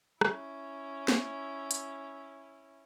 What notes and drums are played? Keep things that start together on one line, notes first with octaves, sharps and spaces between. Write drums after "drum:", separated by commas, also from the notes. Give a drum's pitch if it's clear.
C#4 E4, drum: rim click
drum: snare
drum: hi-hat